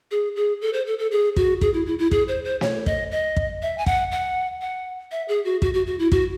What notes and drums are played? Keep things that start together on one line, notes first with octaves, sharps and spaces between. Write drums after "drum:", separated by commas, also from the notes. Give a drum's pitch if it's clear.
G#4
G#4
A4
C5
A4
A4
G#4
F#4, drum: kick
G#4, drum: kick
E4
E4
E4
G#4, drum: kick
C5
C5
C#5, drum: snare
D#5, drum: kick
D#5
drum: kick
E5
G#5
F#5, drum: kick
F#5
F#5
E5
G#4
F#4
F#4, drum: kick
F#4
F#4
E4
F#4, drum: kick